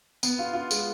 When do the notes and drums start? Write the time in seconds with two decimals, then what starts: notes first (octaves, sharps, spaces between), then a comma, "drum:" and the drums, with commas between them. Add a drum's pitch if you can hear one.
0.23 B3, drum: tambourine
0.39 F4
0.54 F4
0.71 G#3, drum: tambourine